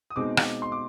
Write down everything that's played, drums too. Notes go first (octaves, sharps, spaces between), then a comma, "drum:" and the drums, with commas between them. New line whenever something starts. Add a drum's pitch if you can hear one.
D#6
B2 G#3 C4 D#4 D6
drum: rim click
C6
D6